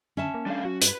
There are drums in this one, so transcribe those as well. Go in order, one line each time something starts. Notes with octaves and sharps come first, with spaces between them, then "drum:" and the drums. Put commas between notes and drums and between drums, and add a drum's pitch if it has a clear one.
D3 C#4 E5 A5
A#3
G3 A3 D4 F5
F#3 F#4
G2 B4, drum: hi-hat